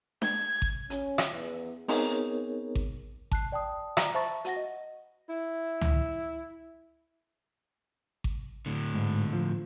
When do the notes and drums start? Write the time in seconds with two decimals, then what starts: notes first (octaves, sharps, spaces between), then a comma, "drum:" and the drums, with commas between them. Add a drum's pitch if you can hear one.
0.22 G#6, drum: snare D4
0.62 drum: kick G#1
0.90 C#4, drum: hi-hat
1.18 drum: rim click
1.29 E2
1.88 B3 C4 D#4 G#4 A#4 C#5, drum: open hi-hat
2.75 drum: kick G#1
3.31 A5 F#6 C7, drum: kick G#1
3.52 D5 G5 A5 D#6
3.97 D5 A#5, drum: rim click
4.14 C5 E5 A5 B5 C#6 A6
4.45 F#4 F#5 A#6, drum: hi-hat
4.56 D#5
5.29 E4
5.81 drum: tom C#2
8.24 drum: kick G#1
8.66 A2 D3
8.94 G#2
9.33 F3